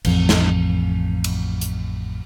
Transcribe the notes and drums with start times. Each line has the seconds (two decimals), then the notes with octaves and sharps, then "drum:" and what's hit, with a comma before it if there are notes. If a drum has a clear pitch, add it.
0.05 A1 F2, drum: cymbal
0.29 drum: snare
1.24 drum: cymbal
1.61 drum: hi-hat